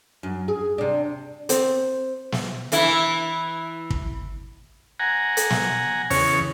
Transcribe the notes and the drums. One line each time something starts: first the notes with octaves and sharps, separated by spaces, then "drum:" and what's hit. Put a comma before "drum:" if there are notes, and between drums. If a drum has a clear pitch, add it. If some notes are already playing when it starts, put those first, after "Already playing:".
F#2
G#4
C3 D4
C4, drum: hi-hat
drum: snare
E3 E4, drum: hi-hat
drum: kick
F#5 G#5 A#5
drum: hi-hat
drum: snare
E2 C#3 C#5, drum: open hi-hat